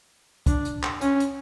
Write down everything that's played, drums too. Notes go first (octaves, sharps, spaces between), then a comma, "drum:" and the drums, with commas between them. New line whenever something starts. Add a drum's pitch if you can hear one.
D4, drum: kick, hi-hat
drum: hi-hat
drum: clap
C#4, drum: hi-hat
drum: hi-hat